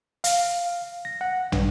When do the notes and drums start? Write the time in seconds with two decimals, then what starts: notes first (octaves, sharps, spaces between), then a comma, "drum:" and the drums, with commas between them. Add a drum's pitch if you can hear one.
0.24 F5, drum: hi-hat
1.05 A#6
1.21 F#5
1.52 G2, drum: tom